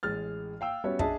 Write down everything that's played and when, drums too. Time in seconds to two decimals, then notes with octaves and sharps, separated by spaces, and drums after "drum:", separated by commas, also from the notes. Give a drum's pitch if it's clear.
0.03 A1 G#3 F6 A6
0.61 F5 G5 E6
0.84 G3 B3 C#4 F#4 C#5 E5
0.99 D4 G#4 D#5 E5 A5, drum: kick